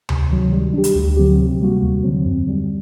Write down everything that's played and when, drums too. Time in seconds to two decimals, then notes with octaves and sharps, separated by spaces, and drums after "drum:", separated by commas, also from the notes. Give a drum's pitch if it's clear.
0.09 C3, drum: tom D2
0.30 D#3 F#3
0.52 G3
0.73 D4 G4
0.84 drum: hi-hat
0.95 D2
1.17 D3 F#3 C4 G4
1.39 C3
1.60 G3 A#3 F#4
1.82 D#2
2.03 D3 F#3 C4
2.25 F#2
2.46 D3 G3